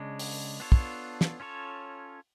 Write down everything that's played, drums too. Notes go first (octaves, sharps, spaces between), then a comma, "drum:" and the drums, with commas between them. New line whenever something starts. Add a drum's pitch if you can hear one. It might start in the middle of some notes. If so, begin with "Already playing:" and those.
Already playing: C#3 G#3 D4
drum: open hi-hat
B3 D4 F4 A4 C#5
drum: kick
drum: snare
C#4 F4 A4 C#5